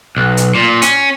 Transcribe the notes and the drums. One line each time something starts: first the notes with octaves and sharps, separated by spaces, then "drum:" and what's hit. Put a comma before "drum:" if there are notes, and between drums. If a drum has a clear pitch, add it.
B1
drum: hi-hat
A#2
C#4, drum: hi-hat